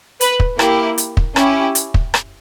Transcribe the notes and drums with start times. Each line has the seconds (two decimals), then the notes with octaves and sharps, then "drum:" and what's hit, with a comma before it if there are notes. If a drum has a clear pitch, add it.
0.21 B4, drum: hi-hat
0.40 drum: kick
0.59 A#3 E4 G4, drum: rim click
0.98 drum: hi-hat
1.17 drum: kick
1.36 C#4 E4 G4, drum: rim click
1.75 drum: hi-hat
1.94 drum: kick
2.14 drum: rim click